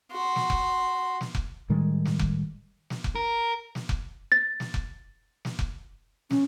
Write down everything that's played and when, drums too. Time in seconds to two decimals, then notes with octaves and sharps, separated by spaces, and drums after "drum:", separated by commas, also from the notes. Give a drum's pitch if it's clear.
0.12 F#4 C6
0.36 drum: snare
0.50 drum: kick F1
1.21 drum: snare
1.35 drum: kick F1
1.70 A2 D#3 G3 G#3
2.05 drum: snare
2.20 drum: kick F1
2.90 drum: snare
3.04 drum: kick F1
3.15 A#4
3.75 drum: snare
3.89 drum: kick F1
4.32 A6
4.60 drum: snare
4.74 drum: kick F1
5.45 drum: snare
5.59 drum: kick F1
6.31 C#4, drum: snare